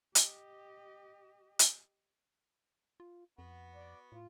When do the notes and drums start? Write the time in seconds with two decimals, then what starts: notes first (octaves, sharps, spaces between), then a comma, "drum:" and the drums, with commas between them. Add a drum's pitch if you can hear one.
0.15 G4 D#5, drum: hi-hat
1.59 drum: hi-hat
3.00 F4
3.38 F2 B3 F#4 B4
3.75 D5
4.12 A2 F4